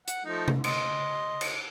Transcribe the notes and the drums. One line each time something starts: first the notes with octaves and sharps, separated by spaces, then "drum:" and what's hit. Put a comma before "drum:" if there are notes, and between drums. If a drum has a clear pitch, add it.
F#5, drum: hi-hat
F3 A3 D#4
drum: tom C3
D#5 C6, drum: cymbal
drum: cymbal